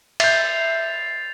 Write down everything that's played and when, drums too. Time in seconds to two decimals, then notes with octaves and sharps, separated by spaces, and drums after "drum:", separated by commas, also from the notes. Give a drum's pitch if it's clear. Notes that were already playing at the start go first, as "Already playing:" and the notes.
0.20 E5 G6 A6 C7 F7, drum: cymbal